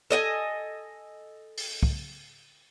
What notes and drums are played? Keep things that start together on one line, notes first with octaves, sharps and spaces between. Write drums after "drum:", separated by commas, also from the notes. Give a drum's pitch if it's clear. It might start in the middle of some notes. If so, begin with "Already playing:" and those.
A4 D#5 G5 G#5
drum: open hi-hat
drum: kick